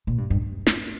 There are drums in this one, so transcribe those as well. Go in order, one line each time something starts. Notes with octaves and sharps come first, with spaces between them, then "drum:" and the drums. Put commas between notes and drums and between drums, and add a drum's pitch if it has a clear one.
A#2
G2
G2
drum: snare